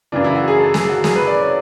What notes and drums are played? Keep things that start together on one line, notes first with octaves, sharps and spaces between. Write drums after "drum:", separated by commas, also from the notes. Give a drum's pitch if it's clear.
F#2 C#3 E3 D4
E4
F#4
G#4
A4
G#4, drum: snare
F#4
G#4, drum: snare
B4
D5
C#5